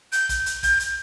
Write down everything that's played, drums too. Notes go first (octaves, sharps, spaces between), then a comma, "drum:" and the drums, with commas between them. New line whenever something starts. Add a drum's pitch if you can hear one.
G6, drum: hi-hat
drum: kick, hi-hat
drum: hi-hat
G6, drum: kick, hi-hat
drum: hi-hat